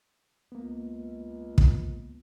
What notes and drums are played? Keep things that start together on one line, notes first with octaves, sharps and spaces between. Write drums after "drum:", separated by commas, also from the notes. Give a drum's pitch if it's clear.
C#2 A#3 B3
drum: kick